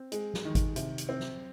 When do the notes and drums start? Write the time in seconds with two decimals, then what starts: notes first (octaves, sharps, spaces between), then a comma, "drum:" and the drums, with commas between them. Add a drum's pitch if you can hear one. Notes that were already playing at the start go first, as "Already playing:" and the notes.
Already playing: C4
0.12 G#3, drum: hi-hat
0.34 drum: snare
0.45 D#3
0.55 drum: kick G#1, hi-hat
0.76 C3, drum: hi-hat
0.98 drum: hi-hat
1.09 C4
1.19 drum: snare